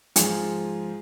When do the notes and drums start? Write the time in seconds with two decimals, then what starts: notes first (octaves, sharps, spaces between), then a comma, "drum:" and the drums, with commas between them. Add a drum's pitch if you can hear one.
0.16 G#2 F3 F4 G#4, drum: hi-hat